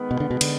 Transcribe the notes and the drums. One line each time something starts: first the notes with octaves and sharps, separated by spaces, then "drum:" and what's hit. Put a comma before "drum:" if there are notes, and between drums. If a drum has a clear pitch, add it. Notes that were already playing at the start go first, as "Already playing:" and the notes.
Already playing: D#3 G#3 B3
B2
D3
B2
D3, drum: cymbal